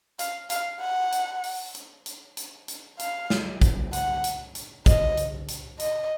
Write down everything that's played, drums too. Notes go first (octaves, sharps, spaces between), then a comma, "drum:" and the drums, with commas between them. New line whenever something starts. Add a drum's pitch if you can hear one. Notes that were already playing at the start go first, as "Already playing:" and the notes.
F5, drum: hi-hat
F5, drum: hi-hat
F#5
drum: hi-hat
drum: open hi-hat
drum: hi-hat
drum: hi-hat
drum: hi-hat
drum: hi-hat
F5, drum: hi-hat
drum: snare
drum: kick A1, hi-hat
F#5, drum: hi-hat
drum: hi-hat
drum: hi-hat
D#5, drum: kick A1, hi-hat
drum: hi-hat
drum: hi-hat
D#5, drum: hi-hat